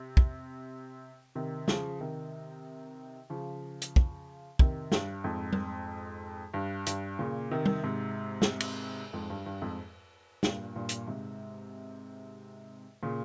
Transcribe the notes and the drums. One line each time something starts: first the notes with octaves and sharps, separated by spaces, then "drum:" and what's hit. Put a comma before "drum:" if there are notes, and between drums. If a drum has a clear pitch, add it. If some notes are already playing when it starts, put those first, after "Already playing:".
Already playing: C3
drum: kick
C3 D#3
C#3 F3, drum: snare
C3 D#3
C#3 F3
drum: hi-hat
drum: kick
C3 D#3, drum: kick
G2, drum: snare
F2 G#2
drum: tom G3
G2
G2, drum: hi-hat
A#2 C#3
C3 D#3
drum: tom G3
G#2 C3
drum: snare
drum: cymbal
F2 G#2
G2
G2
F2 G#2
G2 A#2, drum: snare
G2 A#2
drum: hi-hat
G#2 C3
A#2 C#3